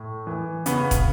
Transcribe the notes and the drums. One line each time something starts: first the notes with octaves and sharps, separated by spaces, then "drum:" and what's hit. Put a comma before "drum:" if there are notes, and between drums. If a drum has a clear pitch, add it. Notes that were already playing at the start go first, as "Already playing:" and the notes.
Already playing: A2
E3
C#3 B3, drum: hi-hat
drum: kick, hi-hat